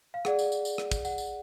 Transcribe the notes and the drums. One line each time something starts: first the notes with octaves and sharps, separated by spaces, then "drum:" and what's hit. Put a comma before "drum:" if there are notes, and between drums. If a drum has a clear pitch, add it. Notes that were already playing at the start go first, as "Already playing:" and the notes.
F5
G#4 D5 F#5, drum: rim click
drum: tambourine
drum: tambourine
drum: tambourine
drum: rim click
drum: kick, tambourine
F#5, drum: tambourine
drum: tambourine